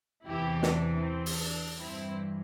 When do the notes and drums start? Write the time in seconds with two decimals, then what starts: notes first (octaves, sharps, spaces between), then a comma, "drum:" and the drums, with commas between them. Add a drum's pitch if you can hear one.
0.24 E2 C3 E3 E4 G4
0.63 D4, drum: snare
1.01 C4
1.26 drum: open hi-hat
1.40 D4
1.78 G2 E3 C4 E4